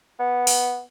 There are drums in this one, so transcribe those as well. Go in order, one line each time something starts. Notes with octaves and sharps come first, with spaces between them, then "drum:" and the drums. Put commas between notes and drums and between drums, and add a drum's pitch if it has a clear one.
B3
drum: open hi-hat